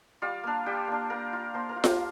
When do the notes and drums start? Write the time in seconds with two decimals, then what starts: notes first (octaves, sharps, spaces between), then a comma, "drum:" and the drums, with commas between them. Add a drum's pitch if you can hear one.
0.22 G3 F4 F5
0.44 A#3 D4
0.66 G3 G4 G5
0.88 A#3 D4
1.10 A#3 A#4 A#5
1.33 F4
1.54 A#3 C5 C6
1.69 A#4 A#5
1.76 F4
1.84 G4 G5, drum: snare F4